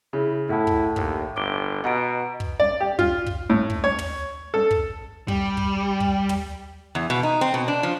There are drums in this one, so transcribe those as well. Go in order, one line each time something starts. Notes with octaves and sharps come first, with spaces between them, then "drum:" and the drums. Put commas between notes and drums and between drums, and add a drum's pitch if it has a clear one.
C#3 E4
A2 E4 A4 F#5 A5
drum: kick
D#2, drum: kick
G1 D6 D7 G7
B2 D#5 F#5 A#5 D7
drum: kick
D5
G4
F4, drum: kick
drum: kick
A2
drum: kick
C#5
drum: tom
A4
drum: kick
G3, drum: kick
drum: kick
drum: kick
drum: tom
E2
B2
D#4
C4
B2
D4
F3